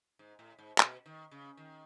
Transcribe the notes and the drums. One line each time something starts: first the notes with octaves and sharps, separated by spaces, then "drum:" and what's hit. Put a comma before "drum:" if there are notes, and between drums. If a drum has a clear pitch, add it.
G#2
A2
G#2
B2, drum: clap
D#3
C#3
D#3